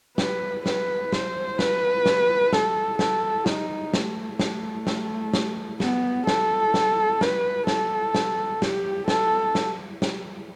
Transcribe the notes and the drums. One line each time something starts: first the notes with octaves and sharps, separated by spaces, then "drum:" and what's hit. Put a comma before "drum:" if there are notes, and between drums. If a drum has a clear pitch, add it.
B4, drum: snare
B4, drum: snare
C5, drum: snare
B4, drum: snare
drum: snare
A4, drum: snare
A4, drum: snare
D#4, drum: snare
A3, drum: snare
A3, drum: snare
drum: snare
drum: snare
B3, drum: snare
A4, drum: snare
drum: snare
B4, drum: snare
A4, drum: snare
drum: snare
G4, drum: snare
A4, drum: snare
drum: snare
drum: snare